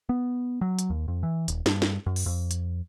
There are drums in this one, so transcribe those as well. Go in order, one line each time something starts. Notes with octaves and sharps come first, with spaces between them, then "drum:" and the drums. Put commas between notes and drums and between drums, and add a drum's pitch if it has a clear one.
B3
F#3
drum: hi-hat
D#2
F2
E3
D#1, drum: hi-hat
G2, drum: snare
drum: snare
F#2
drum: open hi-hat
F2
drum: hi-hat